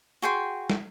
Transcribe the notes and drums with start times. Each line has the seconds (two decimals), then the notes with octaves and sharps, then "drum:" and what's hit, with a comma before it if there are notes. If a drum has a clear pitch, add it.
0.22 F#4 G#4 G5 C6
0.70 drum: snare